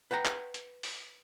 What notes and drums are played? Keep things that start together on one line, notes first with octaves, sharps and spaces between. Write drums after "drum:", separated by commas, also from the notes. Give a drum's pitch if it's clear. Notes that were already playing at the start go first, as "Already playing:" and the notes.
B4 F#5 G5 A#5
drum: clap
drum: hi-hat
drum: open hi-hat